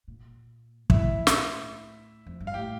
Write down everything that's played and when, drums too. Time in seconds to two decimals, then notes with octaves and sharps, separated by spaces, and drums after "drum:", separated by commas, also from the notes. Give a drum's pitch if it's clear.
0.08 A#2
0.90 A2 E4 E5, drum: kick
1.27 drum: snare
2.26 F2
2.40 G2
2.47 F5
2.54 A2 G4 G5